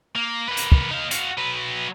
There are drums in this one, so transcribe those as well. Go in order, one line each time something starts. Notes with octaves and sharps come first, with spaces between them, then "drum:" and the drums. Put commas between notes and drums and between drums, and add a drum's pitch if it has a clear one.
A#3
A#3 B4
drum: hi-hat
drum: kick
D#4 F5
F#4 F5, drum: hi-hat
F#3 B4